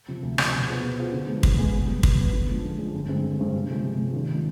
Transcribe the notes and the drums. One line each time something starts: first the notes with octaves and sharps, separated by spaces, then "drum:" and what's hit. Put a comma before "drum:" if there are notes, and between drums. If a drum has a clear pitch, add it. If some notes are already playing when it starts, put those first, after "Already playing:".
C3 F3
D2
C3 F3, drum: rim click
B2
B3 F4 G#4 C5
B2
B3 F4 G#4 C5
D3
G#3 B3
D3, drum: kick
G#3 B3
B2
G3 B3
B2, drum: kick
G3 B3
D3
F3 G#3 D4
D3
F3 G#3 D4
G1
G2 D3 G#3 C4
G1
G2 D3 G#3 C4
C3
F3 G#3
C3
F3 G#3
G#1
F3 G#3 D4